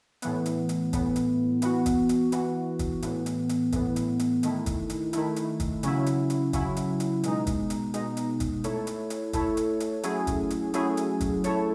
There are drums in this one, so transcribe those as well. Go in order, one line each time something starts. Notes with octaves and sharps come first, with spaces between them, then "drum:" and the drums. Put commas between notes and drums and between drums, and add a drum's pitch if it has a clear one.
A2 E3 B3, drum: hi-hat
drum: hi-hat
drum: hi-hat
A2 E3 B3, drum: kick, hi-hat
drum: hi-hat
E3 B3 F#4, drum: hi-hat
drum: kick, hi-hat
drum: hi-hat
E3 B3 F#4, drum: hi-hat
drum: kick, hi-hat
A2 E3 B3, drum: hi-hat
drum: hi-hat
drum: hi-hat
A2 E3 B3, drum: kick, hi-hat
drum: hi-hat
drum: hi-hat
D#3 A3 E4, drum: hi-hat
drum: kick, hi-hat
drum: hi-hat
D#3 A3 E4, drum: hi-hat
drum: hi-hat
drum: kick, hi-hat
C#3 F#3 C#4 E4, drum: hi-hat
drum: hi-hat
drum: hi-hat
C#3 F#3 C#4 E4, drum: kick, hi-hat
drum: hi-hat
drum: hi-hat
B2 G#3 D#4, drum: hi-hat
drum: kick, hi-hat
drum: hi-hat
B2 G#3 D#4, drum: hi-hat
drum: hi-hat
drum: kick, hi-hat
A3 E4 A4 C#5, drum: hi-hat
drum: hi-hat
drum: hi-hat
A3 E4 A4 C#5, drum: kick, hi-hat
drum: hi-hat
drum: hi-hat
F#3 A3 C#4 E4 G#4, drum: hi-hat
drum: kick, hi-hat
drum: hi-hat
F#3 A3 C#4 E4 G#4, drum: hi-hat
drum: hi-hat
drum: kick, hi-hat
A3 E4 A4 C#5, drum: hi-hat